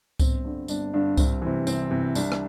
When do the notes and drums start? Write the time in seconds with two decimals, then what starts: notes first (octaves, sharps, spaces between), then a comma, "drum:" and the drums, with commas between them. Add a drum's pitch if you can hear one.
0.19 G1 C4, drum: kick C2, tambourine
0.44 G2 D3
0.68 G1 D4, drum: tambourine
0.94 G2 D3 D4
1.17 C2 C4, drum: kick C2, tambourine
1.42 C3 E3
1.67 C2 C4, drum: tambourine
1.91 C3 E3
2.15 C2 D4, drum: tambourine
2.32 drum: rim click